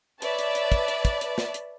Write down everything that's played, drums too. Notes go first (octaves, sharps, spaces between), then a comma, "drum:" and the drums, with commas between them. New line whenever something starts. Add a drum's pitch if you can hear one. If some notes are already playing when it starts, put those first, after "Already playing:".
B4 C#5 D5 E5 A5, drum: hi-hat
drum: hi-hat
drum: hi-hat
drum: kick, hi-hat
drum: hi-hat
drum: kick, hi-hat
drum: hi-hat
drum: snare
drum: hi-hat